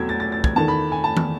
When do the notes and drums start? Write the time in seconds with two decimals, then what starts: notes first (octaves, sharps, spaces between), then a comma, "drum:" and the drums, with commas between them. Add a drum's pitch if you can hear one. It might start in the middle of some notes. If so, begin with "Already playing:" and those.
Already playing: E2 B2 F#3 A3 E6 G#6
0.09 A6
0.20 A6
0.32 A6
0.44 G#6, drum: kick
0.56 E2 D#3 A3 A5
0.68 B5
0.92 G#5
1.04 A5
1.17 drum: tom